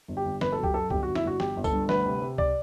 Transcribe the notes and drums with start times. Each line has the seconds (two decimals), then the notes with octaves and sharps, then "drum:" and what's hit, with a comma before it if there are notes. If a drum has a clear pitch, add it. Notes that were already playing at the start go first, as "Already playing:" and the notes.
0.08 G1
0.17 G4
0.25 G1
0.41 G1 B4, drum: snare
0.52 F#3 A4
0.63 G4, drum: kick C#2
0.74 F#2 A4
0.90 G1 G4, drum: kick C#2
1.03 F#4
1.07 G1
1.15 E4, drum: snare
1.24 G1 F#4
1.40 G1 G4, drum: snare
1.56 G1
1.64 A4, drum: kick C#2, tambourine
1.73 G2
1.89 D2 B4, drum: snare
2.06 C3
2.22 C3
2.38 D5, drum: kick C#2